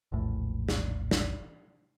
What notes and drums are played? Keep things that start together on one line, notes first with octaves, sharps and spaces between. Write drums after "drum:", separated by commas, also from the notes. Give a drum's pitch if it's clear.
E1 A#1 A2
drum: snare
drum: snare